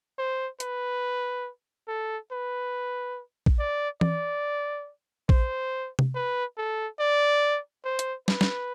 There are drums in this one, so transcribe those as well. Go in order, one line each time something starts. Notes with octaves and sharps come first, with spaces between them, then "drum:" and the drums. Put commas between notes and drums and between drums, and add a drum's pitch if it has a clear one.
C5
B4, drum: hi-hat
A4
B4
drum: kick A#1
D5
D5, drum: tom E3
C5, drum: kick A#1
drum: tom C3
B4
A4
D5
C5
drum: hi-hat
B4, drum: snare
drum: snare